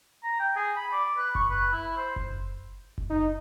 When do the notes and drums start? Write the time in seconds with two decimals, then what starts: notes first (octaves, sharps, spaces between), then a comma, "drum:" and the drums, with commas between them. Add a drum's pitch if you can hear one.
0.24 A#5
0.40 G5
0.56 G#4
0.76 B5
0.92 D5
1.17 B4
1.35 C#6, drum: kick F#1
1.50 B4
1.73 E4
1.97 C5
2.16 drum: kick F#1
2.98 drum: kick F#1
3.10 D#4